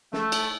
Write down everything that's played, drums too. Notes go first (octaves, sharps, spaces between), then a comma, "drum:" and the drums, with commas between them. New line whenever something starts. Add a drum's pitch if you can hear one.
A3, drum: snare
drum: cymbal